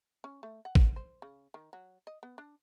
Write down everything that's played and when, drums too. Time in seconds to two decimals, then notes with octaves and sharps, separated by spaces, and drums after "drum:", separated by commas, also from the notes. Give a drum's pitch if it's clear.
0.24 C#4
0.43 A3
0.65 F#5
0.75 drum: kick
0.96 C5
1.22 C#3
1.54 D#3
1.73 F#3
2.07 D#5
2.23 B3
2.38 D4